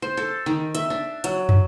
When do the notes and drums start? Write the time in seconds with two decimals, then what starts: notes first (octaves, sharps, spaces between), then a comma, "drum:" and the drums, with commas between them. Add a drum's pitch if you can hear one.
0.02 C5
0.17 A4
0.46 D#3
0.75 E5, drum: hi-hat
0.90 D4
1.24 F#3, drum: hi-hat
1.49 drum: tom